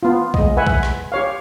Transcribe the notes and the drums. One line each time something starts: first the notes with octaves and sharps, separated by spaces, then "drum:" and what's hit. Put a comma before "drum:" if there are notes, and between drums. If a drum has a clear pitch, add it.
B3 F4
G#3 D#5, drum: kick
B4 E5 F#5 G#5
drum: kick
drum: rim click
G4 C#5 F5